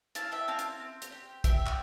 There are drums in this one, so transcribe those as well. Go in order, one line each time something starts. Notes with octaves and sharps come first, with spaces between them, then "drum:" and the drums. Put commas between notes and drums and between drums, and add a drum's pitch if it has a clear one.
E4 F5 A5, drum: hi-hat
E5 G5
C4 F5 A5
drum: hi-hat
C4
drum: hi-hat
G4
G4 E5 G5, drum: kick, hi-hat
drum: clap